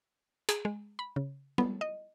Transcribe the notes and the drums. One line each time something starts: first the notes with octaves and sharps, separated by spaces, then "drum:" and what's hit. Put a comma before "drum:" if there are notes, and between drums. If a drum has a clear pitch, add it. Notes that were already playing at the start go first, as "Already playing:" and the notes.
G#4, drum: hi-hat
G#3
B5
C#3
B3, drum: tom G3
D#5